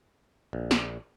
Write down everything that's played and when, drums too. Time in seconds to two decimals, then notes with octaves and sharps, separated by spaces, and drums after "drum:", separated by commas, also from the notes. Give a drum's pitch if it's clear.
0.53 A#1
0.71 drum: snare